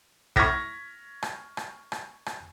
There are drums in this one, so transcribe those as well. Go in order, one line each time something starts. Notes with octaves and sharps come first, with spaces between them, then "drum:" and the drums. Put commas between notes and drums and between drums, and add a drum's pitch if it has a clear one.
C#6 F6 G#6 A#6 B6, drum: kick
drum: rim click
drum: rim click
drum: rim click
drum: rim click